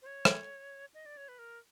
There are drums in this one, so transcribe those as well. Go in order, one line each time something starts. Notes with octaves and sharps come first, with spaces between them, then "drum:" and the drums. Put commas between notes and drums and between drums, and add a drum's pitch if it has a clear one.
C5
C#5
drum: rim click
D#5
D5
C#5
B4
A#4